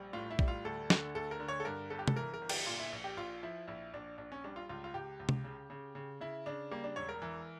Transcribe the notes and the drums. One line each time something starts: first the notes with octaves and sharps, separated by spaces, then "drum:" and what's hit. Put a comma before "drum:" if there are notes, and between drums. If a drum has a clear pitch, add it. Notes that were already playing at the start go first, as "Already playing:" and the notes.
Already playing: A#1 G3
A2 F4
E4
G3, drum: kick A#1
F4
D2 A4
D3, drum: snare
D2 A4
A#4
D3
C#5
A4
G2 A#4
G1 A4
G4
A4, drum: tom C3
E3 A#4
A#4
G1
G4, drum: cymbal
A#2 F4
E4
A#1
G4
A#1 F4
F3 E4
A#1 E4
A#1 D4
A#1 D4
C#4
G3 D4
F4
C#2 F4
F4
C#2 G4
C#2
drum: tom C3
C#3
C#3
C#3
C#3 E4
C#3 D4
G3 A#3
D4
E1 C#5
A#4
E3